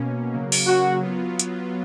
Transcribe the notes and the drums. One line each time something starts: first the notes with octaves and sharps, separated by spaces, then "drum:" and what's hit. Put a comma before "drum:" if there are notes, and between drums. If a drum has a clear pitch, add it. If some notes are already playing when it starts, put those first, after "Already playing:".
Already playing: B2 A#3 C#4
C#3 F#3 A#3
drum: open hi-hat
F#4
F#3 B3 F4
drum: hi-hat